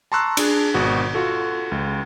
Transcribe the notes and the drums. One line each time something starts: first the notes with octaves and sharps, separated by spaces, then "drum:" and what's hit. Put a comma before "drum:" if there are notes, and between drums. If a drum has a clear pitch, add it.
A5 A#5 C6 C#6 E6 F#6
D4 G#4, drum: cymbal
G#1 B2 F#4
F4 F#4 A4
C#2